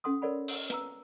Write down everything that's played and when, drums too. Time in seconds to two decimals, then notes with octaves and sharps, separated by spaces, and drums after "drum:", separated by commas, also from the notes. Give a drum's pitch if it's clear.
0.04 C#4 A4 F#5 C6 D#6
0.22 A4 A#4 C#5 D5 F#5 B5
0.48 drum: open hi-hat
0.70 B4 A#5 E6, drum: hi-hat